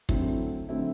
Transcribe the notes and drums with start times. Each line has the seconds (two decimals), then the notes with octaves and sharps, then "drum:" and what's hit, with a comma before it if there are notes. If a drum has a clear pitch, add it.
0.09 D3 F#3 A3 C4 E4, drum: kick
0.68 D3 F#3 A3 C4 E4